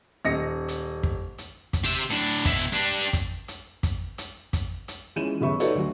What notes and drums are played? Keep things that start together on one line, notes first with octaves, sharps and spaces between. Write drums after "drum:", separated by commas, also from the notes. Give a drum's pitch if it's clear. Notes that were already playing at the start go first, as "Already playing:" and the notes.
D#1 D#5 A#6 C#7
drum: hi-hat
drum: kick
drum: hi-hat
drum: kick, hi-hat
G4 E5
A2 D4, drum: hi-hat
B2 E4, drum: kick, hi-hat
D4 G4
drum: kick, hi-hat
drum: hi-hat
drum: kick, hi-hat
drum: hi-hat
drum: kick, hi-hat
drum: hi-hat
E3 G#3 C#4 F4 D#7 E7
D#1 F#2 C#3 B3 E5 C#6
D#4 F#4 A4 B4 C#5 D5, drum: hi-hat
D2 F#3 F#4